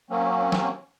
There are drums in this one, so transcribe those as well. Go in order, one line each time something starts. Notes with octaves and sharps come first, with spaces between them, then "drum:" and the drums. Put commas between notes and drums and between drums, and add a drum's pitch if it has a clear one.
F#3 A#3 C4 C#4
drum: snare